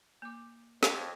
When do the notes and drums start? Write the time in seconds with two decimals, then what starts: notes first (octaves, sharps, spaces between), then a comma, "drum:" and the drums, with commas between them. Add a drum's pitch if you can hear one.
0.22 A#3 D6
0.83 F2 C#5 F5 A5, drum: snare